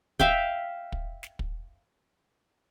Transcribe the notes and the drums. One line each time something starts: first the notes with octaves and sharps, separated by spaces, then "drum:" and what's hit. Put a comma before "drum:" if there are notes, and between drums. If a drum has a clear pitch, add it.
E5 F5 G5, drum: kick
drum: kick
drum: snare
drum: kick